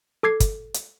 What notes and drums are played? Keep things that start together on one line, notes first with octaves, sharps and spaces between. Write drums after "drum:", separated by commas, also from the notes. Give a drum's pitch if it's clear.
A4 D6 G#6 C7
drum: kick, hi-hat
drum: hi-hat